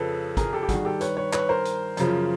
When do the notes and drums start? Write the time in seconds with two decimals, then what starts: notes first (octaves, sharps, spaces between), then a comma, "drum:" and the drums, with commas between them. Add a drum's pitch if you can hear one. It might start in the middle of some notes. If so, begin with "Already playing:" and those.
Already playing: F2 C#3 F3 A4 B4
0.37 G#4 A#4, drum: kick, hi-hat
0.53 G4 A4
0.63 G4
0.69 G2 D#3 F#4 G#4, drum: kick, hi-hat
0.85 G4 A4
1.01 B4 C#5, drum: hi-hat
1.17 B4 C#5
1.33 B4 C#5, drum: clap
1.49 A#4 C5
1.65 drum: hi-hat
1.97 F#2 C#3 F3, drum: hi-hat